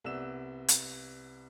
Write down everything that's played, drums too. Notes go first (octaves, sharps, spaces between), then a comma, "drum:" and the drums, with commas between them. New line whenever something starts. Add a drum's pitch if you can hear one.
C2 B3 D5 E6 E7
drum: hi-hat